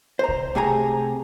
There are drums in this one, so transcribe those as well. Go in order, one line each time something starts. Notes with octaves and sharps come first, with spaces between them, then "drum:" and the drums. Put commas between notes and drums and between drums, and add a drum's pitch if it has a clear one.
C5 A#5
drum: kick C2
C3 A3 G#4 G#5 A#5